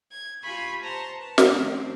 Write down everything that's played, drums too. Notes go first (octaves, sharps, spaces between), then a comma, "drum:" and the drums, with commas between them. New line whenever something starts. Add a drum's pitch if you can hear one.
G#6
F4 G4 F5 G#5 B5 C#6
C5 A5 A#5 C6 C#6
B4 A5
drum: snare
D#3 F3 A3 C4 C#4